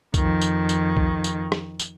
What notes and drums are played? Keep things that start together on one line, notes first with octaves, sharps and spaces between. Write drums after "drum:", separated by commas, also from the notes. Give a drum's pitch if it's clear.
F2 D#3, drum: kick C2, tambourine
drum: tambourine
drum: tambourine
drum: kick C2
drum: tambourine
drum: rim click
drum: tambourine